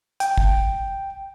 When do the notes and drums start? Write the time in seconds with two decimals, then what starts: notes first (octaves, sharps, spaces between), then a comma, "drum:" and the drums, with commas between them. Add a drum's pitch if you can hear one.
0.20 G5, drum: hi-hat
0.38 drum: kick